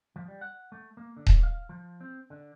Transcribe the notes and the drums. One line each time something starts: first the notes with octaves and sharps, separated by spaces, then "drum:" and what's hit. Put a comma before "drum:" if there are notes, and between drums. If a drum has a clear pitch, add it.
F3
G3
F#5
A3
A#3
D3
drum: kick D#1
F5
F3
C4
D3